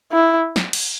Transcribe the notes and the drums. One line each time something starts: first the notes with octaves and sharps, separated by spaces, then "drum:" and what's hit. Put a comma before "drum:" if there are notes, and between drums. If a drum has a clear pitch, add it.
E4
drum: snare
drum: cymbal